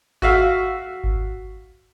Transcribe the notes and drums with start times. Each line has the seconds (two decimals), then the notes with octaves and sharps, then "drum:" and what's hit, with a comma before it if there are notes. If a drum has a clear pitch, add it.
0.22 F#4 E5 F5, drum: kick G#1
1.04 drum: kick G#1